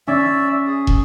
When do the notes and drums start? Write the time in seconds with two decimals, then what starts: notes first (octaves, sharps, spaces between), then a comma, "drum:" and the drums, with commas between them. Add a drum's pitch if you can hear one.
0.08 C#4 D5 E5
0.67 G#4
0.87 drum: kick